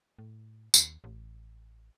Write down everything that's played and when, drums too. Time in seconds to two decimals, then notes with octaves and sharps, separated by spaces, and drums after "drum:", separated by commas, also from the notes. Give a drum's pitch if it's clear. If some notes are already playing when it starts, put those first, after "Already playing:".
0.19 A2
0.74 D#2, drum: tambourine
1.04 A1